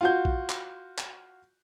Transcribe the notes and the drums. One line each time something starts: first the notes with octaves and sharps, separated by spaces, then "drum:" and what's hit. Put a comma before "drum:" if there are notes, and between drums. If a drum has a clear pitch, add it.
F4 F#4 G6
drum: kick A#1
drum: clap
drum: clap